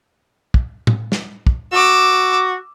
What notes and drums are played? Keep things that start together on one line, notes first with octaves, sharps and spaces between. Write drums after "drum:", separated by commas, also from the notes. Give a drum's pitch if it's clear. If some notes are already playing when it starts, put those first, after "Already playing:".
drum: kick
drum: tom A2
drum: snare
drum: kick
F#4 D6 E6